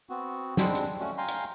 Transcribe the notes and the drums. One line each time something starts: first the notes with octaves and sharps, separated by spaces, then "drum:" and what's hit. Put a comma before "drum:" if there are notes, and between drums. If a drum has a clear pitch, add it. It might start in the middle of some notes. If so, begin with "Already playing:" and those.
B3 C4 F#4
G3 G#3 C4 D4, drum: snare
drum: hi-hat
A3 C#4 F#4
F5 G5 G#5 A#5 C6
drum: hi-hat